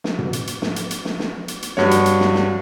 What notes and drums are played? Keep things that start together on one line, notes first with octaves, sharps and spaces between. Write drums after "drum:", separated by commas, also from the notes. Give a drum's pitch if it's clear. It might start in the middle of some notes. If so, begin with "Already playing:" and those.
drum: snare
drum: tom
drum: hi-hat
drum: hi-hat
drum: snare
drum: hi-hat
drum: hi-hat
drum: snare
drum: snare
drum: hi-hat
drum: hi-hat
G2 F#4 C#5, drum: snare
drum: hi-hat
drum: hi-hat
drum: snare
drum: snare